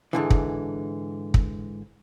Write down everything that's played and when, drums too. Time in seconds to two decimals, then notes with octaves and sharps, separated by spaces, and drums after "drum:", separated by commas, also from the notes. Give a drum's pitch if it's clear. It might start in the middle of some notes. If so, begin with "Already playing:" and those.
0.13 G#2 D3 E3
0.30 drum: kick
1.34 drum: kick